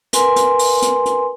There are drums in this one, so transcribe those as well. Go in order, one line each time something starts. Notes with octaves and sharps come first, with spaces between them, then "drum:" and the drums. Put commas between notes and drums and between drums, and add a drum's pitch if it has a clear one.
A#4 B4 G#5 C6, drum: hi-hat
drum: hi-hat
drum: open hi-hat
drum: hi-hat
drum: hi-hat